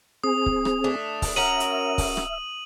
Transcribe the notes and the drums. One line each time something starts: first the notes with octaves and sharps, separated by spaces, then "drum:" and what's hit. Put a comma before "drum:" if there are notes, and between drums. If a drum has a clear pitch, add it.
C4 G#4 D#6
drum: kick C#1
drum: rim click
A3 D4
drum: kick C#1, open hi-hat
C#4 F#4 A#4 E5 D#7 F#7
drum: hi-hat
drum: kick C#1, open hi-hat
drum: rim click